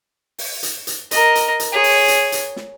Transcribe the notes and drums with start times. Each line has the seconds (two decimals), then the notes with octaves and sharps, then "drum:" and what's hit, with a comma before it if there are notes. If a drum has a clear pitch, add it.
0.39 drum: open hi-hat
0.63 drum: hi-hat
0.87 drum: hi-hat
1.11 A#4 D#5, drum: hi-hat
1.35 drum: hi-hat
1.60 drum: hi-hat
1.72 G#4 C#5
1.84 drum: open hi-hat
2.08 drum: hi-hat
2.32 drum: hi-hat
2.56 drum: snare